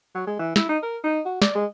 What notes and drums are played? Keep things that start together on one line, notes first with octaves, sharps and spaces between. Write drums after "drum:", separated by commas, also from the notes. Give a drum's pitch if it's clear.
F#3
G#3
E3
E4, drum: snare
D#4
A#4
D#4
F#4
D5, drum: snare
G#3